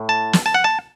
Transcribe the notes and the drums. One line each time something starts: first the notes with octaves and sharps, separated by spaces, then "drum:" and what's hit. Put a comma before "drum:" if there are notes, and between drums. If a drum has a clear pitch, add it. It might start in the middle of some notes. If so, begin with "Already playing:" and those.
Already playing: A2
A5
drum: snare
A5
F#5
A5